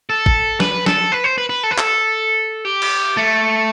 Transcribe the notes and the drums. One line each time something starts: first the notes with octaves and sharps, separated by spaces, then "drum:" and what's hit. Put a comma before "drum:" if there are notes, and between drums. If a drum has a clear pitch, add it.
A4
drum: kick
B4, drum: snare
A4, drum: snare
B4
C5
B4
B4
A4
B4
A4, drum: clap
G4
drum: cymbal
A3